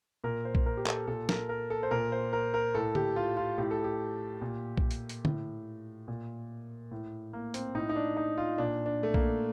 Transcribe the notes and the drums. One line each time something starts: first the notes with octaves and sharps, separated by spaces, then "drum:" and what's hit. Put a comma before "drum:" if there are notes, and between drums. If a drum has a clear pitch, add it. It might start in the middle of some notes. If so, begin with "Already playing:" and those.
A#2 A#4
C5
drum: kick B1
A#4
G4
A4, drum: clap
A#2 A4
A#4, drum: snare
A#4
A4
C5
A#2 A#4
C5
A#4
A#4
A2 A4
G4, drum: tom D3
F4
F4
A2 G4
A4
G4
A#2
drum: kick B1
drum: hi-hat
drum: hi-hat
A2, drum: tom
A#2
A2
A#3
C4, drum: hi-hat
A2 D#4
D#4
D4
D#4
F4
A#2 D4
D4
A3
A#3, drum: kick B1